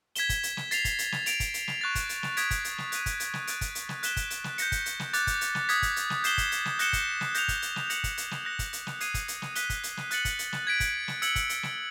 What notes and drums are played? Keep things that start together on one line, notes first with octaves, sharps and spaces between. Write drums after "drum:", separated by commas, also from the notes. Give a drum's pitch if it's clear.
G#6 B6 E7 G7, drum: hi-hat
drum: kick, hi-hat
drum: hi-hat
drum: snare
A6 C7 F7, drum: hi-hat
drum: kick, hi-hat
drum: hi-hat
drum: snare
A6 D7 F7, drum: hi-hat
drum: kick, hi-hat
drum: hi-hat
drum: snare
C#6 F#6 A6
drum: kick, hi-hat
drum: hi-hat
drum: snare
D#6 G#6 B6 D7, drum: hi-hat
drum: kick, hi-hat
drum: hi-hat
drum: snare
F#6 A#6 D#7, drum: hi-hat
drum: kick, hi-hat
drum: hi-hat
drum: snare
F#6 A6 D7, drum: hi-hat
drum: kick, hi-hat
drum: hi-hat
drum: snare
F#6 B6 E7 G7, drum: hi-hat
drum: kick, hi-hat
drum: hi-hat
drum: snare
G6 A#6 C#7, drum: hi-hat
drum: kick, hi-hat
drum: hi-hat
drum: snare
D6 F#6 A6, drum: hi-hat
drum: kick, hi-hat
drum: hi-hat
drum: snare
D#6 G#6 B6, drum: hi-hat
drum: kick, hi-hat
drum: hi-hat
drum: snare
G6 C7 E7 G7, drum: hi-hat
drum: kick, hi-hat
drum: hi-hat
drum: snare
F#6 A#6 C#7 E7 G7, drum: hi-hat
drum: kick, hi-hat
drum: snare
G6 A#6 C#7 F7, drum: hi-hat
drum: kick, hi-hat
drum: hi-hat
drum: snare
G6 A#6 C#7 F#7, drum: hi-hat
drum: kick, hi-hat
drum: hi-hat
drum: snare
F#6 A#6 C#7
drum: kick, hi-hat
drum: hi-hat
drum: snare
D#6 G#6 C7 D#7, drum: hi-hat
drum: kick, hi-hat
drum: hi-hat
drum: snare
F#6 B6 D#7 G7, drum: hi-hat
drum: kick, hi-hat
drum: hi-hat
drum: snare
F#6 A6 C#7 F#7, drum: hi-hat
drum: kick, hi-hat
drum: hi-hat
drum: snare
G#6 B6 D7
drum: kick, hi-hat
drum: snare
E6 G#6 C#7 F#7, drum: hi-hat
drum: kick, hi-hat
drum: hi-hat
drum: snare